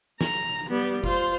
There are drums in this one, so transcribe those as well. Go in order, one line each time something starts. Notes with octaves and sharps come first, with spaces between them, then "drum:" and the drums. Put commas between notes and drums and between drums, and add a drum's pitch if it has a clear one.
A#5, drum: snare
G3 B3
F4 C5, drum: kick F#1